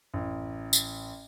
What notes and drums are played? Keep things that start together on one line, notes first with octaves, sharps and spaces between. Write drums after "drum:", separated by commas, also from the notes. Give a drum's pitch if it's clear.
A1
drum: tambourine